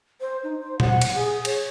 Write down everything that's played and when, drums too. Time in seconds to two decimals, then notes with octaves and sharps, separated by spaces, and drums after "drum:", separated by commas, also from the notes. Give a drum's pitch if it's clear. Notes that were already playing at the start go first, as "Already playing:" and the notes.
0.21 C5
0.44 D#4
0.58 C5
0.80 F#5, drum: tom A#2
1.01 drum: cymbal
1.14 G#4
1.45 C#5, drum: cymbal